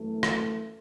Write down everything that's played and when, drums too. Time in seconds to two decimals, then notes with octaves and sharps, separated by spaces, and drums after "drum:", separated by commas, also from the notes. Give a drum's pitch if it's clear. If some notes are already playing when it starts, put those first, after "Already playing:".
Already playing: F#2 E3 A3
0.23 drum: rim click